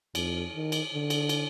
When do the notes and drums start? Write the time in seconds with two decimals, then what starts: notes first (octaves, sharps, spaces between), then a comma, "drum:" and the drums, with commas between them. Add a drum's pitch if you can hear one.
0.15 F2, drum: cymbal
0.55 D#3
0.72 drum: cymbal
0.94 D3
1.10 drum: cymbal
1.29 drum: cymbal